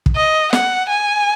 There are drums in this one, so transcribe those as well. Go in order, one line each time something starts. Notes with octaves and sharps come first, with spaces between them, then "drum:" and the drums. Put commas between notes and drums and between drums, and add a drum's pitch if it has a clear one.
drum: kick
D#5
F#5, drum: snare
G#5